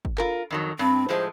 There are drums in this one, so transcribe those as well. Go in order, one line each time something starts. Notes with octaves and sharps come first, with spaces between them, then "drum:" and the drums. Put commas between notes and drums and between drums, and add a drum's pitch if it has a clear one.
drum: kick
F4 A#4, drum: clap
F2 D#3 F#3
G2 C4
A2 F3 G#3 C5